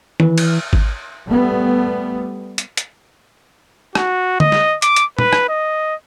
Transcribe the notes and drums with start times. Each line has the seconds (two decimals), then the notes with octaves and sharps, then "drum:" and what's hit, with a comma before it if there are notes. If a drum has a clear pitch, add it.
0.20 E3, drum: tom D#3
0.38 drum: cymbal
0.73 drum: kick G#1
1.27 G3 A3 B3
2.58 drum: hi-hat
2.77 drum: hi-hat
3.95 F#4, drum: rim click
4.40 D#5, drum: tom D3
4.52 drum: snare
4.82 D6, drum: hi-hat
4.96 drum: hi-hat
5.19 B4, drum: tom A#2
5.33 drum: rim click
5.49 D#5